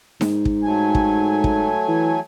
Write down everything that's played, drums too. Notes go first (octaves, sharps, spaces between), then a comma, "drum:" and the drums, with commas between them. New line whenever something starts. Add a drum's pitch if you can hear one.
G#2, drum: snare D#4
drum: kick
F#3 A3 G#5
drum: kick
drum: kick
E3